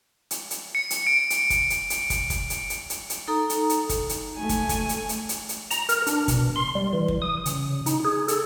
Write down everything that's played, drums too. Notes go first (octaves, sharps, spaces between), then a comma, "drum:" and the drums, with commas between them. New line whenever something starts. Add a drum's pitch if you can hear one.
drum: hi-hat
drum: hi-hat
C#7
drum: hi-hat
D7
drum: hi-hat
drum: kick, hi-hat
drum: hi-hat
drum: hi-hat
drum: kick, hi-hat
drum: kick, hi-hat
drum: hi-hat
drum: hi-hat
drum: hi-hat
drum: hi-hat
D#4 A4 A#5 D#6
drum: hi-hat
drum: hi-hat
drum: kick, hi-hat
drum: hi-hat
A3 G#5
drum: kick, hi-hat
drum: kick, hi-hat
drum: hi-hat
drum: hi-hat
drum: hi-hat
drum: hi-hat
A#5, drum: hi-hat
A#4, drum: hi-hat
D4, drum: hi-hat
B2, drum: kick, hi-hat
C6
G3
E3
drum: kick
D#6
C#3, drum: hi-hat
D#4, drum: hi-hat
G#4
A4, drum: hi-hat